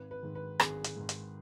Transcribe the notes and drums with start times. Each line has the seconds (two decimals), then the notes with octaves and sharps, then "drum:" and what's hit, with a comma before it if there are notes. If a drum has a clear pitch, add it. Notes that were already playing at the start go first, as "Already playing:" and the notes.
Already playing: G#1 B4
0.11 B4
0.23 G#2 D#3
0.35 B4
0.60 G#1 G#4, drum: rim click
0.84 drum: hi-hat
0.97 G#2 D#3
1.09 drum: hi-hat